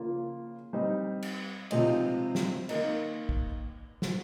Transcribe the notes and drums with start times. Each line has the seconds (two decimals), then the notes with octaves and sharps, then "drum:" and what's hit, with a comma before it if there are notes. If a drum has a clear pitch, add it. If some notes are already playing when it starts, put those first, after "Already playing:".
Already playing: C#3 F3 A#3 F4
0.73 G3 C4 D#4
1.23 drum: cymbal
1.71 C3 F3 G#3 C4 D#4, drum: cymbal
2.35 drum: snare
2.69 D#3 A#3 D#4, drum: cymbal
3.29 drum: kick
4.02 drum: snare